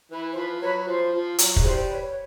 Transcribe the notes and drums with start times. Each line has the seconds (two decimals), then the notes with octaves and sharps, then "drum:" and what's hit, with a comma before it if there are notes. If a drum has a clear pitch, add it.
0.11 E3 B4
0.33 C5
0.36 F3 B4
0.62 F#3 B4 C#5
0.87 F3 C5
1.13 F3
1.38 F#3, drum: hi-hat
1.56 G#3, drum: kick
1.64 E3 G3 C5
1.89 B4 C#5
2.03 C#5